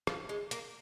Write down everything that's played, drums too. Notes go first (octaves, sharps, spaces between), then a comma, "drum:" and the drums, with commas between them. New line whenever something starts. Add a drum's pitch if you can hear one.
F3, drum: rim click
G#3
A#3, drum: hi-hat